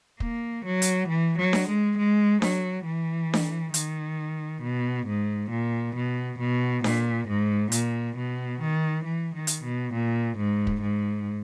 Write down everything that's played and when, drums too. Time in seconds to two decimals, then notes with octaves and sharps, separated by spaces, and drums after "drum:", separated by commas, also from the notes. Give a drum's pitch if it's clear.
0.20 A#3, drum: kick
0.65 F#3
0.82 drum: hi-hat
1.09 E3
1.38 F#3
1.53 drum: snare D4
1.68 G#3
1.98 G#3
2.42 F#3, drum: snare D4
2.85 E3
3.34 drum: snare D4
3.74 D#3, drum: hi-hat
4.62 B2
5.07 G#2
5.50 A#2
5.96 B2
6.39 B2
6.84 A#2, drum: snare D4
7.28 G#2
7.72 A#2, drum: hi-hat
8.16 B2
8.61 D#3
9.05 E3
9.35 D#3
9.47 drum: hi-hat
9.64 B2
9.93 A#2
10.38 G#2
10.67 drum: kick
10.81 G#2